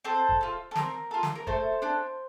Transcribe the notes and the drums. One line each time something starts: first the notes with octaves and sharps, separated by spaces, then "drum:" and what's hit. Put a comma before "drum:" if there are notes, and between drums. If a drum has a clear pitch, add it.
C4 A4 C5
drum: kick
F4 A4
A4
C4 A#4, drum: snare
F4 A4
drum: snare
A#4
A3 A4 C5, drum: kick
D4 A4